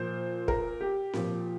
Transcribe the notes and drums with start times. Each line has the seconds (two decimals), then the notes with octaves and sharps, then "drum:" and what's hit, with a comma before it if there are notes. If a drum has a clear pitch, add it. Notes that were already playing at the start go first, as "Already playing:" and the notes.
Already playing: A#2 F3 C5
0.48 A#4, drum: kick
0.81 G4
1.13 A#2 F3, drum: snare C4